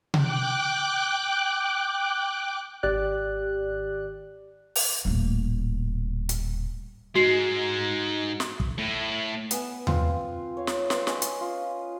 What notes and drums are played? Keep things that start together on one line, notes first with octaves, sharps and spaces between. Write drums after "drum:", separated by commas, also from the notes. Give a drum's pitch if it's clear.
G5 D6 F#6, drum: tom C3
G#1 G4 D5 F#6
drum: open hi-hat
D#1 A2
drum: hi-hat
G#2 G#3 F#4 C7
drum: snare
drum: kick
A2
B3 G#5, drum: hi-hat
C4 F4, drum: tom D#2
C#5 F5
drum: snare
B4 C5 G5, drum: snare
C#4 G#4 B4 D#5, drum: snare
drum: hi-hat
F4